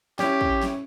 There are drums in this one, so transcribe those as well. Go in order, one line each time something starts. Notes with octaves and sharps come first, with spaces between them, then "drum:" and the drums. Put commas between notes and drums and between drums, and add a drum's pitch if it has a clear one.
C#4 E4 G4, drum: snare
drum: kick
drum: snare